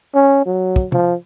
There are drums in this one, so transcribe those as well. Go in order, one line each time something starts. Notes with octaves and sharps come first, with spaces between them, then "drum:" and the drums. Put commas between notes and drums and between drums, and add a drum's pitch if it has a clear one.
C#4
F#3
drum: kick
F3, drum: tom